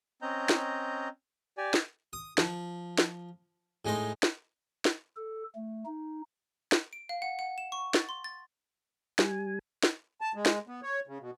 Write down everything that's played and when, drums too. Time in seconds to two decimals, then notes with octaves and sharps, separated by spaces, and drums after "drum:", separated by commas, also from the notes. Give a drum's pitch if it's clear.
0.22 C4 C#4 D#5 A#5 G6
0.49 drum: snare
1.58 G4 D5 G#5
1.74 drum: snare
2.13 D#6
2.38 F3, drum: snare
2.98 drum: snare
3.85 A2 G#3 D#4 C5
4.23 drum: snare
4.85 drum: snare
5.16 A4
5.55 A3
5.86 D#4
6.72 drum: snare
6.93 D7
7.09 F5
7.22 F#5
7.39 F#5
7.58 E7
7.72 C#6
7.94 A6, drum: snare
8.09 C6
8.24 A6
9.19 G3 G#5, drum: snare
9.83 drum: snare
10.21 A5
10.35 G#3
10.46 drum: snare
10.68 B3
10.83 C#5
11.07 C#3
11.20 B2